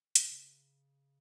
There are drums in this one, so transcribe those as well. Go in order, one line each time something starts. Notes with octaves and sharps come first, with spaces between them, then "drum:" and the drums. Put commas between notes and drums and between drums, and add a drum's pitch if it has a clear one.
C#3, drum: hi-hat
B2
C#3